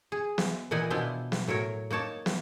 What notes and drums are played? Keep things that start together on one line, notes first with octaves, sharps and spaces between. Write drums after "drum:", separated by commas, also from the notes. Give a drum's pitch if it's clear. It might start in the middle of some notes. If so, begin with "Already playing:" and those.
G#4
drum: snare
A#2 D#3 E3 D#4 F#5 G#5
B2 B3 D4 E4 F4 C5
drum: snare
A2 F#3 A#4 C#5
A#3 D#4 C#5 A5
drum: snare